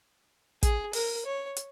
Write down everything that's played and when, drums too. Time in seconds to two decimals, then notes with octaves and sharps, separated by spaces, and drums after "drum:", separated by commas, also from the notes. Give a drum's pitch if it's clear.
0.63 G#4, drum: kick, hi-hat
0.93 A#4, drum: open hi-hat
1.26 C#5
1.56 drum: hi-hat